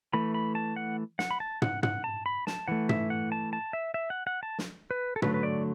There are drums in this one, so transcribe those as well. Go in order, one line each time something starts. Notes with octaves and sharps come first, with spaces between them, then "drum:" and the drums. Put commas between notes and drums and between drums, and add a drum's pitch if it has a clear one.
E3 A3 B5
B5
A5
F#5
F#5, drum: snare
B5
A5
F#5, drum: tom
F#5, drum: tom
A5
B5
A5, drum: snare
E3 A3 F#5
E5, drum: tom
F#5
A5
A5
E5
E5
F#5
F#5
A5
drum: snare
B4
A4
D3 F#3 A3 B4, drum: tom
B4
D5